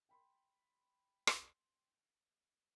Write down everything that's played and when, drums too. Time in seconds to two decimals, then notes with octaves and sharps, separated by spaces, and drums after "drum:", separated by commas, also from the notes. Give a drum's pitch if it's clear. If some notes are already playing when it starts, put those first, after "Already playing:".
0.09 G5 B5 C6
1.27 drum: rim click